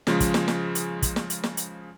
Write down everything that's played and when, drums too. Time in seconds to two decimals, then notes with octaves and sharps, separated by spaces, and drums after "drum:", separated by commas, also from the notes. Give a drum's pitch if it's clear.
0.07 C#3 F3 G#3, drum: snare
0.20 drum: kick, hi-hat
0.34 drum: snare
0.48 drum: snare
0.75 drum: hi-hat
1.02 drum: kick, hi-hat
1.16 drum: snare
1.30 drum: hi-hat
1.43 drum: snare
1.57 drum: hi-hat